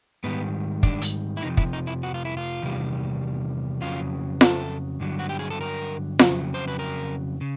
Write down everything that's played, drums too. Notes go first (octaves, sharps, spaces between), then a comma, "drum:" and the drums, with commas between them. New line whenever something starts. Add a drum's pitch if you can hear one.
G#2 D#3 G3 B3
D4, drum: kick
drum: hi-hat
E4
F2 C3 F3 D#4
E4, drum: kick
D#4
E4
F#4
F4
E4
F4
E2 C3 D#3 G3
F2 C#3 F#3 F4
A4, drum: snare F4
G2 D3 F#3
F#4
G4
G#4
A4
A#4
F2 C#3 F#3, drum: snare F4
C5
B4
A#4
C#3